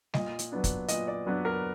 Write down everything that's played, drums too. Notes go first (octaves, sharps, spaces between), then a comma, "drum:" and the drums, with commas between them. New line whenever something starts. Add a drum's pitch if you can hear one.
A#2 D#5, drum: snare G3
drum: hi-hat
F#3 B3 D4
drum: kick, hi-hat
A#2 D#5, drum: hi-hat
D5
F#3 B3 D4 B4
A#4